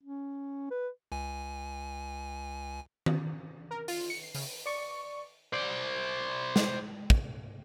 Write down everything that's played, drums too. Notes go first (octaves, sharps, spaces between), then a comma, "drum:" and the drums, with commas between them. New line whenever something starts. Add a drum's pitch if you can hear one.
C#4
B4
C#2 G#5
drum: tom D#3
A#4
F4, drum: open hi-hat
C#7
C7
C#3, drum: open hi-hat
D5 C#6
C5 D5
drum: snare
drum: kick